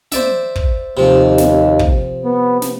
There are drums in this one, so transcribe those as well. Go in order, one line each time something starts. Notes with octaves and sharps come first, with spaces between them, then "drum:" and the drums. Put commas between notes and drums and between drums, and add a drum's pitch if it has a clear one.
C5 D5 E5, drum: snare
drum: kick
D#2 C3 F3
drum: snare
drum: kick
B3
drum: snare